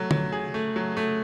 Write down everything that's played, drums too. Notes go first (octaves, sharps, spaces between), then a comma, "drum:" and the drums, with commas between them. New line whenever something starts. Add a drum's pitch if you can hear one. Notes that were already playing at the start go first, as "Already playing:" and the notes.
Already playing: F#3 A3
F#3, drum: tom
G#4
A3
F#3
A3